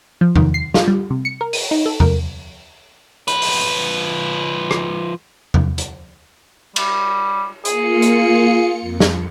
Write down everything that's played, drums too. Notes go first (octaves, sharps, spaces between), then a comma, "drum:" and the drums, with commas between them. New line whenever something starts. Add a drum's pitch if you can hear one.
F3
D#3, drum: tom E2
C7
F4, drum: snare
G3
C3
C#7
A#4
D#7, drum: open hi-hat
D#4
A4
A#4, drum: tom E2
F3 B4, drum: hi-hat
drum: open hi-hat
drum: rim click
drum: tom E2
drum: hi-hat
G3, drum: cymbal
A#3 F4 G#4 C#7, drum: hi-hat
drum: hi-hat
F2
drum: snare